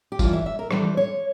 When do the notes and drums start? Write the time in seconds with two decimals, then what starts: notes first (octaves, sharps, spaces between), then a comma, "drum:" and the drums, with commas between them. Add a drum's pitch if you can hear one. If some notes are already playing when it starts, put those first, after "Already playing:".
0.12 G4
0.19 G2 E3 G3 F4, drum: kick F#1, tambourine
0.33 E5
0.46 E5
0.59 A#4
0.71 F2 C3 E3 G3 C5, drum: rim click
0.97 C#5